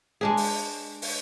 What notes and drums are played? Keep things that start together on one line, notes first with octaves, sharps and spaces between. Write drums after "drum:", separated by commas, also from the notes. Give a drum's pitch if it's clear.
G#3 D4 G#4
drum: open hi-hat
drum: open hi-hat